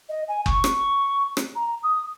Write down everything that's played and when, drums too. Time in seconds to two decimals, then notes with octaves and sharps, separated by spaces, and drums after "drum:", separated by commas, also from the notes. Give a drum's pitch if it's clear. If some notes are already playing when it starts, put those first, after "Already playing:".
0.09 D#5
0.28 G#5
0.46 C#6, drum: kick F#1
0.64 drum: rim click
1.37 drum: rim click
1.55 A#5
1.83 D#6